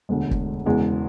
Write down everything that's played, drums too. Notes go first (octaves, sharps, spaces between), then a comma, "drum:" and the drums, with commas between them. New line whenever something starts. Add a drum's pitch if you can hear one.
E1 D2 D3 G#3
drum: kick
E1 E2 C#3 E3 G#3